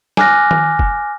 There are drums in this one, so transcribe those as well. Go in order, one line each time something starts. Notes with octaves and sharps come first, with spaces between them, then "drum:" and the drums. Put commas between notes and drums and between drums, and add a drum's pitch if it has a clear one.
G#5 D6 F6 F#6 A#6, drum: snare
drum: tom
drum: kick F1